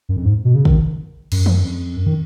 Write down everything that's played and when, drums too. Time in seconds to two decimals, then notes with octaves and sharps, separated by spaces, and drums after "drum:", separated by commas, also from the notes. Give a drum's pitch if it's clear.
0.09 F#2
0.16 F2
0.25 G#2
0.45 B2
0.55 C#3
0.65 D#3, drum: kick
1.32 F#2, drum: cymbal
1.46 drum: tom
1.63 F2
1.96 F#2
2.07 D#3